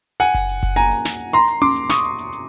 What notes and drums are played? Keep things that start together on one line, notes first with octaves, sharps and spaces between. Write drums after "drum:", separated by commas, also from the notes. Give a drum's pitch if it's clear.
F#5 G#5, drum: hi-hat
drum: kick F#1, hi-hat
drum: hi-hat
drum: kick F#1, hi-hat
G#5 A#5, drum: hi-hat
drum: hi-hat
drum: snare
drum: hi-hat
A#5 C6, drum: hi-hat
drum: hi-hat
C6 D6, drum: tom C#4
drum: hi-hat
C#6 D#6, drum: snare
drum: hi-hat
drum: hi-hat
drum: hi-hat